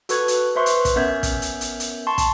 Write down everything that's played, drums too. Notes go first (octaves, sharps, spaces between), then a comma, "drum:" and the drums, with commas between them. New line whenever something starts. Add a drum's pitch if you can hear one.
F#4 A4 B4 C#6 G#6, drum: hi-hat
drum: hi-hat
B4 C5 E5 C6 C#6
drum: hi-hat
drum: kick, hi-hat
B3 C#4 A#4 E5 G6 G#6
drum: kick, hi-hat
drum: hi-hat
drum: hi-hat
drum: hi-hat
A5 C6 C#6
drum: kick, hi-hat